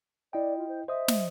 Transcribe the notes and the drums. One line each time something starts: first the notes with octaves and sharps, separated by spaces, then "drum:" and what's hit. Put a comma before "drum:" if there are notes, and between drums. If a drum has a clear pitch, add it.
E4 D5 D#5 G5
F4
C5
C5 D#5 E5 D#6
drum: snare